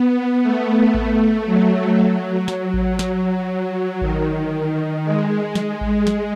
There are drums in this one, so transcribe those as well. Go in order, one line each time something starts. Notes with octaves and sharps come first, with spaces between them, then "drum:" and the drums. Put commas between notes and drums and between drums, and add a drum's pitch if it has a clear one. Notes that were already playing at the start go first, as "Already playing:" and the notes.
Already playing: B3
A3
drum: kick A1
F#3
F#3, drum: snare
drum: kick A1
F#3, drum: snare
D#3, drum: kick A1
G#3
drum: snare
drum: kick A1
drum: snare